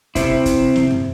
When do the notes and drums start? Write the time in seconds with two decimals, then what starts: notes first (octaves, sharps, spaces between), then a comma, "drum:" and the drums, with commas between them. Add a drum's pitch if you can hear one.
0.15 C3 C4 E4, drum: kick, hi-hat
0.45 drum: kick, hi-hat
0.76 drum: snare
0.91 drum: tom F#2